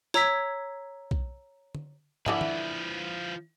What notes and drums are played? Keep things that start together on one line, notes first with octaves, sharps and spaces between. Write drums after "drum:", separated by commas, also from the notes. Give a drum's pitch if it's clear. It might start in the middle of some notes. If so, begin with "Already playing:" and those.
C#5 A#5 E6 G#6 B6, drum: snare
drum: kick
drum: tom D3
D3 E3 F3 E4 B4, drum: tom
drum: tom